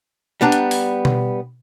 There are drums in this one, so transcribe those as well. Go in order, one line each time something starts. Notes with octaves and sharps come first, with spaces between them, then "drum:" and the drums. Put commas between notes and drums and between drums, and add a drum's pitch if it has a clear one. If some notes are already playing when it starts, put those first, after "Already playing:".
G3 B3 D4 A#5
drum: hi-hat
drum: open hi-hat
drum: tom B2